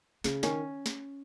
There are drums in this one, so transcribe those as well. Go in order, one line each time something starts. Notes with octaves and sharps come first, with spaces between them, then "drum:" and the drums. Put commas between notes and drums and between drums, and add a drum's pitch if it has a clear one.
C#3 G#3, drum: snare
D#3 C#4, drum: snare
drum: snare